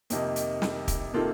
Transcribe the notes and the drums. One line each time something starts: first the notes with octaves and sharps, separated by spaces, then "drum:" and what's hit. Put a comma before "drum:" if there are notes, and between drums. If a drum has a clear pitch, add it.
F2 C3 D#3 A#3 D#4, drum: hi-hat
drum: hi-hat
drum: snare
drum: kick, hi-hat
C3 D#3 A#3 F4 A4